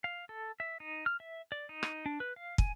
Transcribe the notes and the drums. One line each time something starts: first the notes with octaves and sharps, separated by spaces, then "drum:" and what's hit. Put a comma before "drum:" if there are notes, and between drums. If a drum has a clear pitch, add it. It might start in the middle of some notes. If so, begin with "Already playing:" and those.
F5
A4
E5
D#4
F6
E5
D5
D#4
drum: rim click
D4
B4
F5
G#5, drum: kick